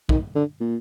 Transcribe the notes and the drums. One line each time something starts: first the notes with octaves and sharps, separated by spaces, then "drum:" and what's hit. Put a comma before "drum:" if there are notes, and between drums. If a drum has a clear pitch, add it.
D#3, drum: kick
D3
A#2